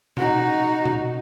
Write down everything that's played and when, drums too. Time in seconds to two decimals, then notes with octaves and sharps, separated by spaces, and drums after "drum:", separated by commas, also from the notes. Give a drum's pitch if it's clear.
0.17 D#4 F#4, drum: tom B2
0.85 drum: tom B2